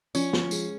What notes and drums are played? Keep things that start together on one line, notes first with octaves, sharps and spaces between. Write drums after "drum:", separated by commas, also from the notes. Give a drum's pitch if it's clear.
F3 C#4, drum: tambourine
F3, drum: snare
G#3, drum: tambourine